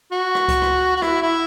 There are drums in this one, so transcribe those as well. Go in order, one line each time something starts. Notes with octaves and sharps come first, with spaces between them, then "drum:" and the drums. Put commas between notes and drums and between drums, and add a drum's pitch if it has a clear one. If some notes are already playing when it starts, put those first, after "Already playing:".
F#4
drum: rim click
drum: kick C#2, hi-hat
drum: rim click
F#4
E4, drum: rim click
E4